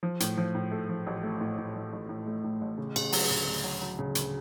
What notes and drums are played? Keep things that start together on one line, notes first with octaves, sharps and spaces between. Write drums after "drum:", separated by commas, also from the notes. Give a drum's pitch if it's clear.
F3
A2, drum: hi-hat
F3
A2
A3
F3
A1
A3
A2
A2
A1
A1
A2
A3
A2
A1
C#3
C#3, drum: cymbal
F#3, drum: open hi-hat
D2
D2
F#3
F#3
C#3
D2, drum: hi-hat